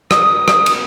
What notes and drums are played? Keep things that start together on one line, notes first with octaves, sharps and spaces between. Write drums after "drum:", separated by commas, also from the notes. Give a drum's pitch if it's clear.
D#6, drum: rim click
drum: rim click
drum: cymbal